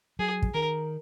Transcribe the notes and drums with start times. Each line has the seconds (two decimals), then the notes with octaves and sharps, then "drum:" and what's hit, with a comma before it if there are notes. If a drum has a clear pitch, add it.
0.19 F#3 G#4
0.42 drum: kick
0.54 D#3 A#4